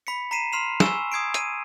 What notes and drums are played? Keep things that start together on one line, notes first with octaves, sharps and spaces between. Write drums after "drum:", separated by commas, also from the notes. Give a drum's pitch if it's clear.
B5 B6 C#7
A#5 B6 C7 D#7 E7
C6 F6 C7 E7 F7
G#5 C#6 E6 E7, drum: snare
D#6 G#6 C7 D7
D#7, drum: hi-hat